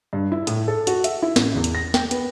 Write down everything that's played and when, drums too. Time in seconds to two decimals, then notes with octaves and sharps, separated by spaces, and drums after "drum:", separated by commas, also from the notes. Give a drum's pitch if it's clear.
0.13 G2
0.32 E4
0.47 A2, drum: hi-hat
0.68 A4
0.87 F#4, drum: hi-hat
1.04 E5, drum: hi-hat
1.22 E4
1.36 A1, drum: snare
1.55 E2
1.64 drum: hi-hat
1.75 A#6
1.94 G5, drum: snare
2.11 B3, drum: hi-hat